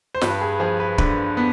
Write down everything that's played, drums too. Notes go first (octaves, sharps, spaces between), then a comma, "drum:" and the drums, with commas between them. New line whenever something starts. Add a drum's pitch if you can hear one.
C5
G2 B4, drum: snare
G#4
F3 G#4
B4
D3 B4, drum: kick
B3